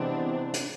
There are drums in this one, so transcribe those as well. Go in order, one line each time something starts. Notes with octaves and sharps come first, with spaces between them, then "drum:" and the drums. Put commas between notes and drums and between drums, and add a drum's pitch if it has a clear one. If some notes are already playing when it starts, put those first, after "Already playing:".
Already playing: C3 E3 G#3 B3 C4 D4
drum: hi-hat